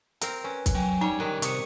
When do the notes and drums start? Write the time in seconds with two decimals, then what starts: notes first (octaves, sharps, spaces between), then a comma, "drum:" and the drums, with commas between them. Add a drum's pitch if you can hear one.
0.21 C4 A#4, drum: hi-hat
0.44 C#4 B4
0.66 drum: kick, hi-hat
0.75 F#3 G5 G#5
1.01 G3 D#4 C#5
1.20 D3 D#3 G5 F#6
1.42 C3 C#6 D#6 C#7, drum: hi-hat